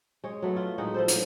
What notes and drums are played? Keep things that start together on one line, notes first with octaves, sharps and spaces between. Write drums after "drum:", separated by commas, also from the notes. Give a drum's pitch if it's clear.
G#3 C#5
F#3 A3 B3
F4 F#4
A2 G#3 D#4 F#5
F3 A4 C5
F#3, drum: hi-hat